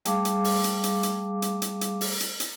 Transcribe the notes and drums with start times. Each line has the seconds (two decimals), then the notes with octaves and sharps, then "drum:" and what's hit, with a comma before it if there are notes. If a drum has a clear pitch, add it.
0.05 G3 A3 G#4 F5 D6, drum: hi-hat
0.25 drum: hi-hat
0.44 drum: open hi-hat
0.64 drum: hi-hat
0.84 drum: hi-hat
1.03 drum: hi-hat
1.42 drum: hi-hat
1.62 drum: hi-hat
1.81 drum: hi-hat
2.01 drum: open hi-hat
2.20 drum: hi-hat
2.40 drum: hi-hat